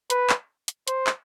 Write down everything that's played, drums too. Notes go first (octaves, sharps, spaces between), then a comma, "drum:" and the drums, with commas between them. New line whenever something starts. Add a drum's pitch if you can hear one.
B4, drum: hi-hat
drum: clap
drum: hi-hat
C5, drum: hi-hat
drum: clap